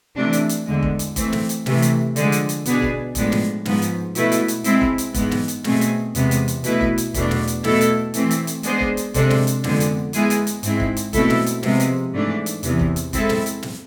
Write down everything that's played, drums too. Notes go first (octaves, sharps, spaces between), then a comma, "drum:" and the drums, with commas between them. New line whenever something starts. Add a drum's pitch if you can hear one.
C3 E3 A3 D4
drum: hi-hat
drum: hi-hat
E2 D3 G#3
drum: kick
drum: hi-hat
E3 A3 C4, drum: kick, hi-hat
drum: snare
drum: hi-hat
C3 E3 A3, drum: snare
drum: hi-hat
D3 F3 G#3, drum: hi-hat
drum: hi-hat
drum: hi-hat
B2 B3 D4 G#4, drum: hi-hat
drum: kick
A2 F3 G#3 B3 D4, drum: kick, hi-hat
drum: snare
G#2 F3 B3, drum: snare
drum: hi-hat
B2 A3 E4 B4, drum: hi-hat
drum: hi-hat
drum: hi-hat
G#3 C4 E4, drum: hi-hat
drum: kick
drum: hi-hat
G#2 E3 G#3 B3, drum: kick, hi-hat
drum: snare
drum: hi-hat
B2 A3 C4 G#4, drum: snare
drum: hi-hat
E2 C3 G#3 B3, drum: hi-hat
drum: hi-hat
drum: hi-hat
B2 A3 E4 B4, drum: hi-hat
drum: kick
drum: hi-hat
E2 B2 A3 D4, drum: kick, hi-hat
drum: snare
drum: hi-hat
B2 A3 E4 A4, drum: snare
drum: hi-hat
E3 A3 C4, drum: hi-hat
drum: hi-hat
drum: hi-hat
G#3 B3 D4 G#4 C5, drum: hi-hat
drum: kick
drum: hi-hat
C3 G#3 D4 A4 C5, drum: kick, hi-hat
drum: snare
drum: hi-hat
F2 D3 G#3 B3, drum: snare
drum: hi-hat
G#3 B3 E4 G#4, drum: hi-hat
drum: hi-hat
drum: hi-hat
G#2 G#3 C4 E4, drum: hi-hat
drum: kick
drum: hi-hat
B2 A3 C4 E4 A4, drum: kick, hi-hat
drum: snare
drum: hi-hat
C3 F3 G#3 B3, drum: snare
drum: hi-hat
G#2 E3 A3 D4
drum: hi-hat
E2 C3 E3, drum: hi-hat
drum: kick
drum: hi-hat
G#3 C4 E4 A4, drum: kick, hi-hat
drum: snare
drum: hi-hat
drum: snare